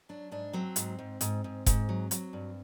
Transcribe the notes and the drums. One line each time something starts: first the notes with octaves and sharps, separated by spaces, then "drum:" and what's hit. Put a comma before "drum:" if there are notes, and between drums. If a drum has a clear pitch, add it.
F#3 D4
G#2 D4
F#3 C4
G#2, drum: hi-hat
G#2
G#2, drum: hi-hat
G#2
G#2, drum: kick F1, hi-hat
F#3
F#3, drum: hi-hat
G2